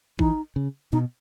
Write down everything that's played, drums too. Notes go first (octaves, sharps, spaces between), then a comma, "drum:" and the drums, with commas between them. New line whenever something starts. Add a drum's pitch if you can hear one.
E3 D#4, drum: kick A1
C#3
B2 D#4